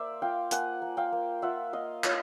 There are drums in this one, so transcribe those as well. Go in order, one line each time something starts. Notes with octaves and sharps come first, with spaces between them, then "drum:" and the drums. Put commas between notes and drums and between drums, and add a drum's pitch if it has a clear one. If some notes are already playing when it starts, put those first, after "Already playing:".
Already playing: A#3 C5 D5 E5
F4 F5 G5
A#3 F#5 G#5, drum: hi-hat
A#3
F5 G5
A#3
F4 E5 F#5
A#3 D#5 F5
F4 C#5 D#5, drum: clap